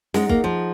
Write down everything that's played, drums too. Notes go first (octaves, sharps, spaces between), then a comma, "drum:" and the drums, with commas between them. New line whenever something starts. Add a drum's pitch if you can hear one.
G#3 D#4 G#4 D#5 F#5, drum: snare
A#3, drum: kick
F3